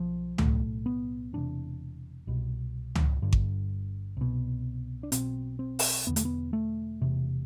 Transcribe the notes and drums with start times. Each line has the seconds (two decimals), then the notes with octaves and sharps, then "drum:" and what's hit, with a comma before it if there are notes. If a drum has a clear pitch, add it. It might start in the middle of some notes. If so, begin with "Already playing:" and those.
Already playing: B1 B2 F3
0.38 B1 A2 A3, drum: tom
0.86 B3
1.33 E1 E2 C3 D4
2.27 C2 B2
2.95 drum: tom
3.22 G1 G2 D3
3.33 drum: kick G#1
4.17 C2 B2
5.03 D4
5.12 B1 B2 C4, drum: hi-hat
5.59 C4
5.79 drum: open hi-hat
6.06 E1 E2 D3 B3
6.16 A3, drum: hi-hat
6.25 B3
6.53 A3
7.02 E1 E2 C3